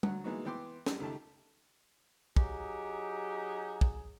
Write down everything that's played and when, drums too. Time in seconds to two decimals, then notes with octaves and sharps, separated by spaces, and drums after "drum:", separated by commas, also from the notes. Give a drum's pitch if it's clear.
0.03 D2 F#3 F#5, drum: tom G3
0.24 E3 G#3 A#3 B3 D#4 F#4
0.45 E3 B3 G5 C6 D6
0.86 F#2 G3, drum: snare
1.00 C#2 D#3 A3 G4 A5
2.36 F#3 D#4 G4 G#4, drum: kick
3.81 drum: kick